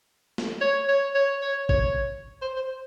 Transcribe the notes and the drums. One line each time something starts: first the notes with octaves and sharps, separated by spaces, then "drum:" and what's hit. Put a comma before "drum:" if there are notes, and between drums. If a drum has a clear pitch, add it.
drum: snare
C#5
C#5
C#5
C#5
C#5, drum: kick G#1
C5
C5